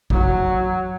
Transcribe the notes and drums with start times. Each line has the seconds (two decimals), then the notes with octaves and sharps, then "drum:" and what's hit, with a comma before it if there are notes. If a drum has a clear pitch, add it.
0.10 F#3, drum: kick A#1